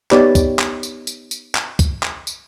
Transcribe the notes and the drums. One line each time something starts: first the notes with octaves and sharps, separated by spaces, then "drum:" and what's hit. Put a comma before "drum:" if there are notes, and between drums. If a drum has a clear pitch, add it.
B3 D#4 G4 C#5 D5 B5, drum: clap
drum: kick, tambourine
drum: clap
drum: tambourine
drum: tambourine
drum: tambourine
drum: clap
drum: kick, tambourine
drum: clap
drum: tambourine